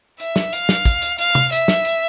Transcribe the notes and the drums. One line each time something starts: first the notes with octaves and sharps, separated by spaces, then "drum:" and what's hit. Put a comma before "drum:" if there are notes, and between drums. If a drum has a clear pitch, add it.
E5, drum: hi-hat
drum: snare
F5, drum: hi-hat
drum: snare
drum: kick, hi-hat
drum: hi-hat
F5, drum: hi-hat
drum: tom C3
E5, drum: hi-hat
drum: snare
drum: hi-hat